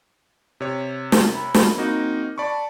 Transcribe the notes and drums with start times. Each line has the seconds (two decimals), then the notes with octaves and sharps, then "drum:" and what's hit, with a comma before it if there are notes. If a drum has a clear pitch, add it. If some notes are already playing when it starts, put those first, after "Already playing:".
0.60 C3 C#5
1.12 drum: snare
1.33 B5
1.54 drum: snare
1.78 A#3 C4 D#4 F#4
2.38 D5 A5 B5 C#6